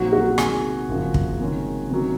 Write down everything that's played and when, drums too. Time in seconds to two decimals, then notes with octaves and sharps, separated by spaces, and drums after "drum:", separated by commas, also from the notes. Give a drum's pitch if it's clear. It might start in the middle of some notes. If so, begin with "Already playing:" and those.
Already playing: A#1 A#2 F#3 C4 D#4 F#4
0.13 F#4
0.38 C3 D#3 G#3 G#4, drum: rim click
0.88 F#1 F#2 C#3 F3
1.14 drum: kick
1.40 C3 D#3 G#3 C#4
1.90 C3 D#3 F#3 C#4